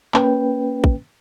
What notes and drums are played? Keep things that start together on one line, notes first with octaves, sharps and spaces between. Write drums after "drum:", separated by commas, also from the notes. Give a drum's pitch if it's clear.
A#3 C#4 B4 G5, drum: clap
drum: kick